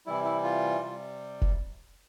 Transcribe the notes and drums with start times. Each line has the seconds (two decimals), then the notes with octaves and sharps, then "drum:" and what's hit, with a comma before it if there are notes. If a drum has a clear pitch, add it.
0.06 C3 E3 G3 E4
0.25 E4
0.44 F4
0.80 C3 G3
1.42 drum: kick F1